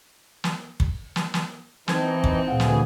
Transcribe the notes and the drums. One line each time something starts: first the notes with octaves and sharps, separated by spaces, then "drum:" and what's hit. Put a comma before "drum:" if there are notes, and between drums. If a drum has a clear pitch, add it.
drum: snare
drum: kick
drum: snare
drum: snare
E3 C4 D#4 A5 G#6, drum: snare
drum: kick
D2 A#2 E3 G#4 F5 F#5
drum: snare